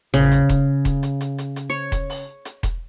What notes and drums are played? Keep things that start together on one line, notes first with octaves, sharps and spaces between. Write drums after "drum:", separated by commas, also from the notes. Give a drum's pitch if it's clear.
C#3, drum: tom G#1
drum: hi-hat
drum: kick E1, hi-hat
drum: kick E1, hi-hat
drum: hi-hat
drum: hi-hat
drum: hi-hat
drum: hi-hat
C#5
drum: kick E1, hi-hat
drum: open hi-hat
drum: hi-hat
drum: kick E1, hi-hat